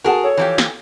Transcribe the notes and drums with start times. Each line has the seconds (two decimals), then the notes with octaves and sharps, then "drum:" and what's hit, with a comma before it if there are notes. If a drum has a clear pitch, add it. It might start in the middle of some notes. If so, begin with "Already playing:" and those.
0.04 F#4 G#4 A#4 F#5 A5
0.23 A4 C#5
0.37 E3 F3 G4
0.58 drum: snare